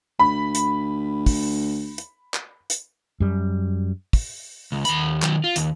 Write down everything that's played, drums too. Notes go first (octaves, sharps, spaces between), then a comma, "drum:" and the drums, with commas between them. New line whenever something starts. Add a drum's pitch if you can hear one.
D2 B5
drum: hi-hat
drum: kick, open hi-hat
drum: hi-hat
drum: clap
drum: hi-hat
F#2 G3
drum: kick, open hi-hat
C#2
D#2 B5, drum: hi-hat
D#3 F#3, drum: clap
F4
D#2, drum: hi-hat